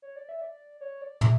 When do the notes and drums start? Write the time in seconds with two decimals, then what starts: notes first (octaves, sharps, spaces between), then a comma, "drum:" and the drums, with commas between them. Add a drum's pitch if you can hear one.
0.02 C#5
0.16 D5
0.29 E5
0.41 D5
0.81 C#5
1.01 D5
1.21 E5, drum: tom